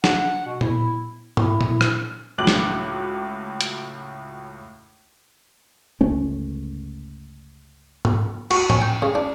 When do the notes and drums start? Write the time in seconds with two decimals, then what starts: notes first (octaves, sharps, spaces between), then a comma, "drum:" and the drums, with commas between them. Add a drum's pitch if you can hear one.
0.04 F#5, drum: snare
0.45 B2
0.61 E4, drum: tom A#2
1.37 E4, drum: tom G#2
1.61 drum: tom A#2
1.81 drum: rim click
2.38 C#2 A2 F#3 D6 F#6 F#7
2.47 drum: snare
3.61 drum: hi-hat
6.01 G1 C#2 A3 C#4
8.05 drum: tom G#2
8.51 F#4, drum: cymbal
8.70 C#4, drum: tom A2
8.81 G5
9.02 C#3
9.15 D4